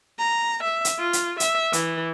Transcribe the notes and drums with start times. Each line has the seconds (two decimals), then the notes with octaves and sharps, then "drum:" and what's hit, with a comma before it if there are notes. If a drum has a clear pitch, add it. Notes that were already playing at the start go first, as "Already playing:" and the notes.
0.19 A#5
0.64 E5
0.85 drum: hi-hat
0.99 F4
1.13 drum: hi-hat
1.40 E5, drum: hi-hat
1.73 E3, drum: hi-hat